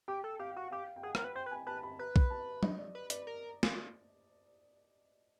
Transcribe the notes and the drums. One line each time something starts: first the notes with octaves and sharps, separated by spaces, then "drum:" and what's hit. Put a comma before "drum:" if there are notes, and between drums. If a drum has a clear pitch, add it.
G4 G5
A4
G4 F5
F#4
G4 F5
G5
G#4 F#5
A#4, drum: rim click
B4
C5 G5
B4
G#5
B4 A5
B5
B4 A#5
drum: kick B1
A5
D#5, drum: tom F#3
D5
B4
B4 D5, drum: hi-hat
A#4
drum: snare